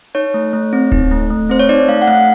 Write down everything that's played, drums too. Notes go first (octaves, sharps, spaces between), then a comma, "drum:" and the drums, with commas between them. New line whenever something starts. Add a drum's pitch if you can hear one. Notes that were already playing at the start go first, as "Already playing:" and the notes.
D#4 C#5
A3
A3
C4
D#4, drum: kick D1
A3
A3
C4 C5
C#5
D#4 D5
A3 F5
F#5
A3 F5